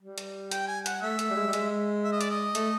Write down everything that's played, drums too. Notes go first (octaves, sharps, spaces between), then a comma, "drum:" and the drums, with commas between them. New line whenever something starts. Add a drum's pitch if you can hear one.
G3
drum: hi-hat
G5, drum: hi-hat
G#5
F#5, drum: hi-hat
A3 E5
A3, drum: hi-hat
G3
G#3
G3
G#3, drum: hi-hat
E5
D#5
D5, drum: hi-hat
D#5
A3, drum: hi-hat